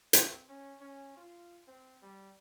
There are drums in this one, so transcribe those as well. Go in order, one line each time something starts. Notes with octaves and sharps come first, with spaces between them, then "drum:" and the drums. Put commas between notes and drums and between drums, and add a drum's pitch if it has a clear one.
C4, drum: hi-hat
C#4
C#4
F4
C4
G3